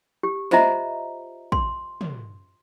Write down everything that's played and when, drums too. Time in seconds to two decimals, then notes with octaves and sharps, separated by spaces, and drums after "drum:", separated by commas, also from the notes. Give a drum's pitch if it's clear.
0.23 G4
0.51 F4 C5 D#5 E5 A#5, drum: snare
1.52 C6, drum: kick
2.01 drum: tom